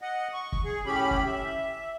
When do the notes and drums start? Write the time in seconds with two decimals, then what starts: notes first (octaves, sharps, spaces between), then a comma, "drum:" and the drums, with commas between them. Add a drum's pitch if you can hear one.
0.02 D#5 F#5
0.33 C#6
0.52 drum: kick
0.64 G#4
0.86 A2 C#4 G4 B5
1.11 drum: kick
1.26 E5